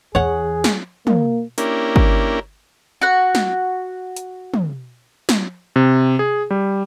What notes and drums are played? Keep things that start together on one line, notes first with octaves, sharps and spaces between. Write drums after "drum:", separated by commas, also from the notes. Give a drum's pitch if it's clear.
E2 E3 G#4 C#5 F#5
drum: snare
A#3, drum: tom
A#3 C#4 D4 E4 G4 A#4, drum: hi-hat
drum: kick
F#4 F#5
drum: snare
drum: hi-hat
drum: tom
drum: snare
C3
G#4
G3